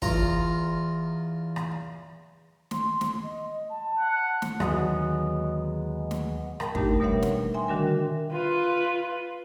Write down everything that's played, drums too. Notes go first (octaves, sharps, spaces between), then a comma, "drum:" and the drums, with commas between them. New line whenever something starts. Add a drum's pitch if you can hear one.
E2 F4 A#5, drum: kick
drum: rim click
C6, drum: snare
drum: snare
D#5
A5
F#5
drum: snare
D#2 D3 F#3 G#3 B3, drum: rim click
drum: snare
A#4 G5 A5 B5, drum: rim click
A3 D4 D#4 G4 A#4, drum: kick
B2 G3 A#4 C#5 E5 F#5
drum: snare
E5 G5 G#5 C6
D3 D#3 G3 D4 F#4 A#4
F4 B4